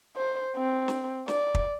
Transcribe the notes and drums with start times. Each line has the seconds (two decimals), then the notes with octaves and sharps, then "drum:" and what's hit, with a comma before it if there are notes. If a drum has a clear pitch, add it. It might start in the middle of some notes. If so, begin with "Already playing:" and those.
0.16 C5
0.56 C4
0.88 drum: snare
1.28 D5, drum: snare
1.55 drum: kick